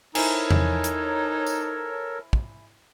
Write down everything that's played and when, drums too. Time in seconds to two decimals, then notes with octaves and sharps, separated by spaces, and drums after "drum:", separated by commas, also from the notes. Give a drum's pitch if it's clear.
0.15 D#4 E4 A4 A#4 C5 C#5 G#5 A5, drum: cymbal
0.51 drum: tom E2
0.84 drum: hi-hat
1.46 drum: tambourine
2.33 drum: kick